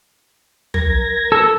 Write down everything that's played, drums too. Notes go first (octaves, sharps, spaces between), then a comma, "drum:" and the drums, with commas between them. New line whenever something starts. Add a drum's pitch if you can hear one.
A#4 G#6 A#6, drum: tom
A4 E6